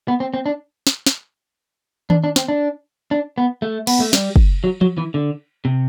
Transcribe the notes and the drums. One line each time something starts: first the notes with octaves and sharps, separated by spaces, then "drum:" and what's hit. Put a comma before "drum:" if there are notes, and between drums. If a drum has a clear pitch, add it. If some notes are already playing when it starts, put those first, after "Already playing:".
B3
C4
C4
D4
drum: snare
drum: snare
D4, drum: tom D#3
D4
C4, drum: snare
D4
D4
B3
A3
B3, drum: cymbal
A3
G3, drum: snare
drum: kick
F#3
F#3, drum: tom F3
E3
D3
C3